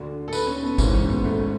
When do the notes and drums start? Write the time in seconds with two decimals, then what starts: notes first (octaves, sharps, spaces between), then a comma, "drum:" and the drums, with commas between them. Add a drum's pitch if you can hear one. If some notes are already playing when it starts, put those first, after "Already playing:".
Already playing: D2 D3
0.28 A4
0.33 B4, drum: tambourine
0.47 C#4
0.63 B3
0.78 G#1 G#2 E3 C#4, drum: kick, tambourine
0.94 C#4
1.10 B3
1.24 A3